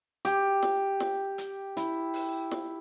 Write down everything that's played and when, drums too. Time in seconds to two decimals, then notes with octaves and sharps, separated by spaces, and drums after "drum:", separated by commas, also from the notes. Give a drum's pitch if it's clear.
0.25 G4, drum: hi-hat
0.63 drum: snare
1.00 drum: snare
1.38 drum: hi-hat
1.77 E4, drum: hi-hat
2.14 drum: open hi-hat
2.51 drum: snare